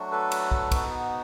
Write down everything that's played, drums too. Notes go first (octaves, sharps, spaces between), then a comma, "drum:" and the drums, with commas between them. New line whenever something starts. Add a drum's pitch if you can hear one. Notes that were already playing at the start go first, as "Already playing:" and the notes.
Already playing: F#3 A3 D4 F#4
A4 B4
drum: cymbal
drum: kick
B3 D#4 F#4, drum: kick, cymbal